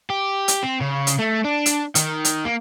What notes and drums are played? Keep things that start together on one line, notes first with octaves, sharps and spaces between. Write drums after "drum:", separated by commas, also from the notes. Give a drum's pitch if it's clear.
G4
drum: hi-hat
C4
C#3
drum: hi-hat
A3
D4
drum: hi-hat
D#3, drum: hi-hat
drum: hi-hat
A#3